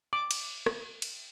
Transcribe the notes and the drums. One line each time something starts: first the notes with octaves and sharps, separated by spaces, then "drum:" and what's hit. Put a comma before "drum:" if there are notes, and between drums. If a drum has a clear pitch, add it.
D6
drum: cymbal
drum: rim click
drum: cymbal